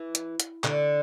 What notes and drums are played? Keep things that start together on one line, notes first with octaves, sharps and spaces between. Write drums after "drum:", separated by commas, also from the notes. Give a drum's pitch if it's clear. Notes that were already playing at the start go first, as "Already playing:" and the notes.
Already playing: E3
drum: hi-hat
drum: hi-hat
D3, drum: clap